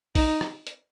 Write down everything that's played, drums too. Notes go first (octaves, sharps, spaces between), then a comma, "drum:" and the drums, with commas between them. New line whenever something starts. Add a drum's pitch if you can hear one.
D#4, drum: kick A#1, open hi-hat
drum: rim click
drum: hi-hat